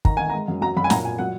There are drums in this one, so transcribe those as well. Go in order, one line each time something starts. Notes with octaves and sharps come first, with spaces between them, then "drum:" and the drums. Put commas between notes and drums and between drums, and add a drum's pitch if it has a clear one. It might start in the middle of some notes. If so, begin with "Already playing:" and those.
D#3 A#5, drum: kick
D#3 G#5
G#3 A#5
F#2
F#3 A#5
F#2 B5
G#5
A#2 A#5, drum: snare
A#2 G#5
F#3 F#5